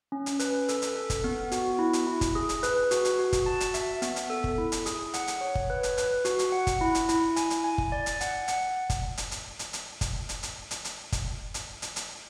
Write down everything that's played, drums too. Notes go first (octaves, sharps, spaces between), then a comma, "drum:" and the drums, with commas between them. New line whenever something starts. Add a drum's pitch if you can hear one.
C#4
drum: hi-hat
B4, drum: hi-hat
A4, drum: hi-hat
drum: hi-hat
A4
drum: kick G1, hi-hat
B3
F#4, drum: hi-hat
E4
drum: hi-hat
E4
drum: kick G1, hi-hat
G#4
drum: hi-hat
B4, drum: hi-hat
F#4, drum: hi-hat
drum: hi-hat
F#4
drum: kick G1, hi-hat
A5
drum: hi-hat
E5, drum: hi-hat
B3, drum: hi-hat
drum: hi-hat
A4
drum: kick G1
E4
drum: hi-hat
G#4, drum: hi-hat
F#5, drum: hi-hat
drum: hi-hat
C#5
drum: kick G1
B4
drum: hi-hat
B4, drum: hi-hat
F#4, drum: hi-hat
drum: hi-hat
F#5
drum: kick G1, hi-hat
E4
drum: hi-hat
E4, drum: hi-hat
G#5, drum: hi-hat
drum: hi-hat
G#5
drum: kick G1
D5
drum: hi-hat
F#5, drum: hi-hat
F#5, drum: hi-hat
drum: kick G1, hi-hat
drum: hi-hat
drum: hi-hat
drum: hi-hat
drum: hi-hat
drum: kick G1, hi-hat
drum: hi-hat
drum: hi-hat
drum: hi-hat
drum: hi-hat
drum: kick G1, hi-hat
drum: hi-hat
drum: hi-hat
drum: hi-hat